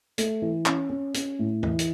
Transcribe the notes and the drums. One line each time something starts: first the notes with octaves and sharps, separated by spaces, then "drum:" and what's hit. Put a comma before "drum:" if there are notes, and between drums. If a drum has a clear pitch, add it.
A3, drum: hi-hat
E3
C#4, drum: clap
C#4
C#4, drum: hi-hat
A2
E3, drum: tom E2
drum: hi-hat